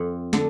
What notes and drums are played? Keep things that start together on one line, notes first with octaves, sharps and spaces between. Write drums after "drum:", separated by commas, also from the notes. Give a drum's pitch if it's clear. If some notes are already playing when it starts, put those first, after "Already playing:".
Already playing: F2
D3, drum: snare